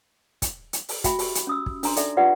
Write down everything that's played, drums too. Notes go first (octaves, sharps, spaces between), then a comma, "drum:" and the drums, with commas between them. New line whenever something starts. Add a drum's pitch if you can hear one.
drum: kick, hi-hat
drum: hi-hat
drum: open hi-hat
F#4 E5 G5 B5, drum: kick, hi-hat
G4, drum: open hi-hat
drum: hi-hat
C#4 D#6 E6
drum: kick
D4 A#5 C6, drum: open hi-hat
D#4 A4 D5 E5, drum: hi-hat
F4 G4 B4 D5 F#5